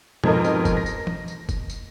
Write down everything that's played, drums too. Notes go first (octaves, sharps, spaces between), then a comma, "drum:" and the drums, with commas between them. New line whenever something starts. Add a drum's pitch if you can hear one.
F2 G#2 B2 A#4 D#5, drum: tom
drum: tambourine
drum: kick, tambourine
A#6
drum: tambourine
drum: tom E3
drum: tambourine
drum: kick, tambourine
drum: tambourine